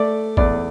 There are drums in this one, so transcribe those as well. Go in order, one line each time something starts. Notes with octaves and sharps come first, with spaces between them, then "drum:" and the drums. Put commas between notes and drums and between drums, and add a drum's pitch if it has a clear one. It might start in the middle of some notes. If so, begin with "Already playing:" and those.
Already playing: A3 D5
E2 D5, drum: kick